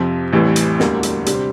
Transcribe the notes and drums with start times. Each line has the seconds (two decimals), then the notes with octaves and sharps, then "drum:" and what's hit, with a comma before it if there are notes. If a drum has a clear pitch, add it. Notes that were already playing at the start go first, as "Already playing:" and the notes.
Already playing: F2 C3 F3 C4
0.32 A1 A2 E3 G3
0.56 drum: hi-hat
0.80 E1 D2 D3 G3 A#3, drum: snare
1.03 drum: hi-hat
1.26 C3 G3 D4, drum: hi-hat
1.34 C4